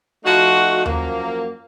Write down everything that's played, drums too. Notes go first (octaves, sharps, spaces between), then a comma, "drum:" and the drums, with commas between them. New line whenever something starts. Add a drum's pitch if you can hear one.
F3 A3 D#4 F#4
F#2 F3 A#3, drum: tom D#2